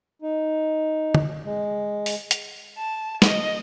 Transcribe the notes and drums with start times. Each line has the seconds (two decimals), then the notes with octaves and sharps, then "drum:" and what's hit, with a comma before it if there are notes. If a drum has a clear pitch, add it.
0.22 D#4
1.15 drum: tom
1.44 G#3
2.06 drum: open hi-hat
2.31 drum: hi-hat
2.77 A5
3.22 D#5, drum: snare